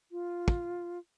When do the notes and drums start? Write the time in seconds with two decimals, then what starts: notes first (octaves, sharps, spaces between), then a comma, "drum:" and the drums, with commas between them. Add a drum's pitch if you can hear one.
0.12 F4
0.48 drum: kick